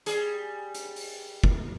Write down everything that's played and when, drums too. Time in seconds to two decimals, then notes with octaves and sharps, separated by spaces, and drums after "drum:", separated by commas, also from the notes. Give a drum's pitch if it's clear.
0.06 G3 G#4, drum: hi-hat
0.75 drum: hi-hat
0.96 drum: open hi-hat
1.44 drum: kick